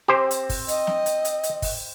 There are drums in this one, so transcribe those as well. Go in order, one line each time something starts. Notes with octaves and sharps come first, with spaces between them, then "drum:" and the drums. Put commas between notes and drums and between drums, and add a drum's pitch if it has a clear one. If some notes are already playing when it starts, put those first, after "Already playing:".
C4 G4 C5
drum: hi-hat
drum: kick, open hi-hat
D#5, drum: hi-hat
drum: snare
drum: hi-hat
drum: hi-hat
drum: hi-hat
drum: kick, open hi-hat